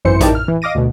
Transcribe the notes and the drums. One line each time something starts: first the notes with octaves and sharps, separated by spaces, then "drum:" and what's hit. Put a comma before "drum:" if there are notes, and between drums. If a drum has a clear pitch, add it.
G#1 F#2 E3 C5 C#7
D#4 E4 A#4 D5 G5 A5, drum: kick A1, hi-hat
F6
E3
D#5 F5 D6 A#6 D#7
D2 B2